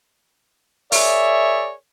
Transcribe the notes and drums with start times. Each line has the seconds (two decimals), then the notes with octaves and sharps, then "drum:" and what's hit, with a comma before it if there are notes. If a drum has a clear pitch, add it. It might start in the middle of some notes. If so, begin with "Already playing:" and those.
0.92 G#4 A#4 C#5 D5 E5, drum: open hi-hat